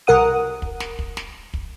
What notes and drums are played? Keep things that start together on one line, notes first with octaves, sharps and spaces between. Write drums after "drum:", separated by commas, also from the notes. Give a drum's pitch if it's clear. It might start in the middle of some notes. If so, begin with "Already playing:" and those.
C2 A#4 F#5 D#6
drum: kick
drum: snare
drum: kick
drum: snare
drum: kick